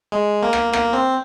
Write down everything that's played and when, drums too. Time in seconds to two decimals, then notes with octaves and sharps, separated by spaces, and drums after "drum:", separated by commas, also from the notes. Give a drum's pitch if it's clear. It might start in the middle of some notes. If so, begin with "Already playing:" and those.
0.12 G#3
0.43 A#3
0.53 drum: rim click
0.73 A#3, drum: rim click
0.93 C4